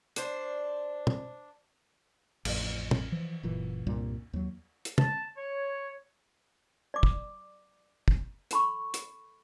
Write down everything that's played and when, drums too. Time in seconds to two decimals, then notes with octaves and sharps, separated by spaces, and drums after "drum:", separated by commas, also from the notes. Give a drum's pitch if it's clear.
0.16 D4 C5, drum: hi-hat
1.07 drum: tom
2.45 A1 F2, drum: cymbal
2.91 drum: tom
3.12 E3 F3
3.43 F#1 A#2 E3
3.87 C2 G2 A#2 G3
4.33 D#2 F#3
4.85 drum: hi-hat
4.98 A5, drum: tom
5.38 C#5
6.94 D5 D6
7.03 drum: kick
8.08 drum: kick
8.51 A4 B5 C#6, drum: hi-hat
8.94 drum: hi-hat